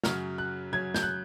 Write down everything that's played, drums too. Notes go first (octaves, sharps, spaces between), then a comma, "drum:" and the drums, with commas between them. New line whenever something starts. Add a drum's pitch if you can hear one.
F#2 C#3 F#3 F6, drum: snare
F#6
F#2 C#3 F#3 G#6
G6, drum: snare
F#6